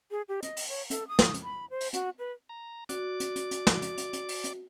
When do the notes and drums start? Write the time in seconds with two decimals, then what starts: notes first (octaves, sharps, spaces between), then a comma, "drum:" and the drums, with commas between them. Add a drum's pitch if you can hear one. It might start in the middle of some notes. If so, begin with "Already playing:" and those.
0.11 G#4
0.29 G4
0.43 D#5, drum: hi-hat
0.57 drum: open hi-hat
0.69 C#5
0.90 A4, drum: hi-hat
1.08 D#6
1.19 drum: snare
1.34 drum: hi-hat
1.43 B5
1.70 C5
1.81 drum: open hi-hat
1.93 F#4, drum: hi-hat
2.19 B4
2.49 A#5
2.89 F#4 D5 D6, drum: hi-hat
3.20 drum: hi-hat
3.36 drum: hi-hat
3.51 drum: hi-hat
3.67 drum: snare
3.82 drum: hi-hat
3.98 drum: hi-hat
4.13 drum: hi-hat
4.29 drum: open hi-hat
4.44 drum: hi-hat